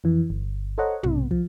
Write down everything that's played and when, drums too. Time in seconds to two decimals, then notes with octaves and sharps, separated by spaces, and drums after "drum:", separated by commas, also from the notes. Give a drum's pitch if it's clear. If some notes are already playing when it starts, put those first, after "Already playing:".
0.04 F2 E3
0.30 G1
0.78 A4 C5 C#5 D#5 F#5 A#5
1.03 B1 G#2 C3, drum: tom
1.31 F3, drum: kick